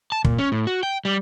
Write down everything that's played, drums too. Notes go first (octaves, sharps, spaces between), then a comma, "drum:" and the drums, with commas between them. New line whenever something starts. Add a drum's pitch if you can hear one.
A5
A#2, drum: kick
C#4
A2
F#4
G5
G3